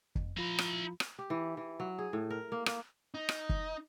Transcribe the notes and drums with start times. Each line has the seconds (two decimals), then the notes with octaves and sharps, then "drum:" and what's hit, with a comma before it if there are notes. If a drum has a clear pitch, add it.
0.15 F2, drum: kick
0.37 F3 E4 F4 A#5 B5
0.59 drum: rim click
1.00 drum: rim click
1.19 G4
1.30 E3
1.57 E3
1.80 F#3
1.99 G#4
2.13 A2
2.30 A#4
2.52 A#3
2.66 A#3, drum: rim click
3.14 D#4
3.29 drum: rim click
3.49 drum: kick